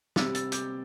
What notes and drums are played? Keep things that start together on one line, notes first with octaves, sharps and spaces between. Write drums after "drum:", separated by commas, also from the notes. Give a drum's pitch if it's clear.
C3 G3 C4 E6 A6, drum: snare
E6 A6, drum: hi-hat
D6 G6, drum: hi-hat